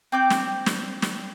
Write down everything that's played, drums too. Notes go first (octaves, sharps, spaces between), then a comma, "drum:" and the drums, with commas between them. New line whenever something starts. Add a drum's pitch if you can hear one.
C4 D6 G6
drum: snare
drum: snare
drum: snare